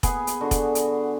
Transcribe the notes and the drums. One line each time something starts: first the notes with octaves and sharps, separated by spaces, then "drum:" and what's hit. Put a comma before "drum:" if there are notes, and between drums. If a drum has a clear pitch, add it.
B3 G#4, drum: kick F1, hi-hat
drum: hi-hat
D3 F#4
drum: kick F1, hi-hat
drum: hi-hat